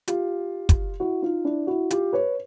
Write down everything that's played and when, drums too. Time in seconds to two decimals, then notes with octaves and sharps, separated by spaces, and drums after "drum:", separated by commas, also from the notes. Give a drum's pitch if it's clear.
0.08 F4 G4, drum: hi-hat
0.69 drum: kick, hi-hat
1.00 E4 F#4
1.22 D#4 F4
1.45 D4 E4
1.67 E4 F#4
1.91 F4 G4, drum: hi-hat
2.13 B4 C#5